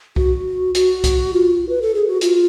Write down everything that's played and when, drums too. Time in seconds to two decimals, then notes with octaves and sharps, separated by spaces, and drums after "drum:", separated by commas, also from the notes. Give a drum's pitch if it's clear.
0.16 F#4, drum: kick C2
0.75 F#4, drum: hi-hat
1.04 drum: kick C2, hi-hat
1.33 F4
1.69 B4
1.82 A4
1.95 G#4
2.07 F#4
2.21 F4, drum: hi-hat